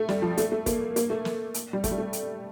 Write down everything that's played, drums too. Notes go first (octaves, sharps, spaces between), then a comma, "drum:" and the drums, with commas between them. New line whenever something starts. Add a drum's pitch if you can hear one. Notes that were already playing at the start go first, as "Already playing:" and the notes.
Already playing: A3
G3, drum: snare
F3
A3, drum: hi-hat
A3
A#3, drum: kick, hi-hat
A#3, drum: hi-hat
A3
drum: snare
drum: hi-hat
G3
A3, drum: kick, hi-hat
G3
A3
drum: hi-hat